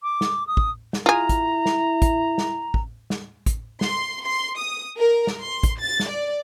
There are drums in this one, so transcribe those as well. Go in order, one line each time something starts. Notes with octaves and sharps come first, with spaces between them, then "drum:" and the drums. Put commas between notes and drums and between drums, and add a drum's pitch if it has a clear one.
D6
drum: snare
D#6
drum: kick
drum: snare
E4 F4 G#4 A#5
drum: kick, hi-hat
drum: snare
drum: kick, hi-hat
drum: snare
drum: kick
drum: snare
drum: kick, hi-hat
C6, drum: snare
C6
D#6
A#4
drum: snare
C6
drum: kick, hi-hat
A6
drum: snare
D5